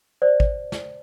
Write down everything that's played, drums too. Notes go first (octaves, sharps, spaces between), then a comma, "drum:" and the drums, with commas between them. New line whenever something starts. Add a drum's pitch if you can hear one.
C5 D5
drum: kick G#1
drum: snare